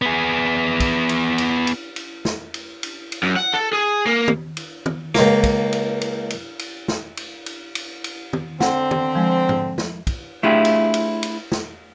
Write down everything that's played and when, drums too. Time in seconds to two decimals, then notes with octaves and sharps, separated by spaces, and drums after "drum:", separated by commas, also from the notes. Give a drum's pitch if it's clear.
0.02 B3 G#4
0.80 drum: kick, cymbal
1.09 drum: cymbal
1.38 drum: cymbal
1.67 drum: cymbal
1.96 drum: cymbal
2.25 drum: snare
2.54 drum: cymbal
2.83 drum: cymbal
3.12 drum: cymbal
3.23 F#2
3.36 F#5
3.54 A4
3.73 G#4
4.06 A#3
4.28 drum: tom
4.57 drum: cymbal
4.86 drum: tom
5.15 C#2 A#3, drum: snare
5.44 drum: kick, cymbal
5.73 drum: cymbal
6.01 drum: cymbal
6.30 drum: cymbal
6.59 drum: cymbal
6.88 drum: snare
7.17 drum: cymbal
7.46 drum: cymbal
7.75 drum: cymbal
8.04 drum: cymbal
8.33 drum: tom
8.60 D3 C4 F#5, drum: snare
8.91 drum: tom
9.15 F3 G#3
9.49 drum: tom G#2
9.78 drum: snare
10.07 drum: kick, cymbal
10.43 A3 D4 E4 F4 G4 G#4
10.65 drum: cymbal
10.94 drum: cymbal
11.23 drum: cymbal
11.52 drum: snare